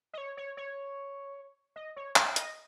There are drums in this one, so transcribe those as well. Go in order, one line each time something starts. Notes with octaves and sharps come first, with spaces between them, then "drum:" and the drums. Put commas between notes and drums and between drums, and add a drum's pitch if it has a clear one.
D#5
C#5
C#5
C#5
D#5
C#5
F#5, drum: clap
D#5, drum: hi-hat